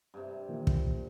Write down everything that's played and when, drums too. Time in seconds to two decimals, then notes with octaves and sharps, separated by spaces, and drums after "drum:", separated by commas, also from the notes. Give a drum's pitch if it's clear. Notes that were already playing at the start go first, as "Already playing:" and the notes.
0.14 G2 C3
0.49 A#2 D#3 E3 A#3
0.67 drum: kick